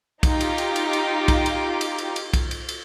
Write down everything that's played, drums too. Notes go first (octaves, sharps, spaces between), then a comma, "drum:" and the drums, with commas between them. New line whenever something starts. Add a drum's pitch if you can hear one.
D#4 F4 G4, drum: kick, cymbal
drum: cymbal
drum: cymbal
drum: cymbal
drum: cymbal
drum: kick, cymbal
drum: cymbal
drum: cymbal
drum: cymbal
drum: cymbal
drum: kick, cymbal
drum: cymbal
drum: cymbal